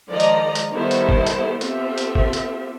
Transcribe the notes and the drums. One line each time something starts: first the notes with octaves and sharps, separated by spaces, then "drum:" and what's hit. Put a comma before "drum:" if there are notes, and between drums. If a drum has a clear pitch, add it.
D#3 F3 G#3 D5 D#5 A#5
drum: hi-hat
drum: hi-hat
D#3 G3 B3 E4 A4 C5
drum: hi-hat
drum: kick
drum: hi-hat
B3 C4 F4 G4 A4 E5, drum: hi-hat
drum: hi-hat
drum: kick
drum: hi-hat